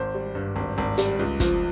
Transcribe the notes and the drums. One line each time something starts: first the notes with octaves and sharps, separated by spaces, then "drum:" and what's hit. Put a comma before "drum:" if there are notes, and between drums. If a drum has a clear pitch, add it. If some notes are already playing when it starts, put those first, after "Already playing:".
Already playing: G#1 C5
G3
G2
G#1
G#1
G3, drum: hi-hat
C#2
F3, drum: kick, hi-hat